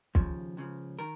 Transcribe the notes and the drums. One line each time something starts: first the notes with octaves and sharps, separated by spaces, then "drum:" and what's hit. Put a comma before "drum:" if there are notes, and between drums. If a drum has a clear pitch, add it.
D#2 C#3 F3, drum: kick
C#2 C#3 F3
D#3 A#4